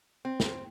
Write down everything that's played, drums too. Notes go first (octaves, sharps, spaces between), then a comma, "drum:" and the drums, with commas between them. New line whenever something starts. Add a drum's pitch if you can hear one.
C4
drum: snare